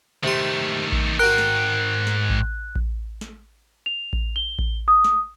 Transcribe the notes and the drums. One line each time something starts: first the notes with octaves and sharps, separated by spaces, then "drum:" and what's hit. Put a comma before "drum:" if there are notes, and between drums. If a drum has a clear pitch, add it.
C3 D#3 A3 C6
drum: kick A1
G#2 F#4 A#4 G5 F#6
drum: snare
drum: snare
drum: kick A1
drum: kick A1
drum: snare
F7
drum: kick A1
G7
drum: kick A1
D#6
drum: snare